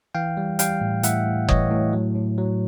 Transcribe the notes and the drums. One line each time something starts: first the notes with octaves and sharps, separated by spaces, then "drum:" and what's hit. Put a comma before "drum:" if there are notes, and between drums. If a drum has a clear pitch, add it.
E3 F5 G5
G3
G3 F5 G5, drum: hi-hat
A2
A2 E5 F#5, drum: hi-hat
A2
E3 C#5 D#5, drum: kick F#1
A2
F#3
A2
F#3